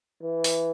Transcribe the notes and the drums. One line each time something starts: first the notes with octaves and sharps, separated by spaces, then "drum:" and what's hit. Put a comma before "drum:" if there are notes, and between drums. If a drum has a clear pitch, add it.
E3
drum: open hi-hat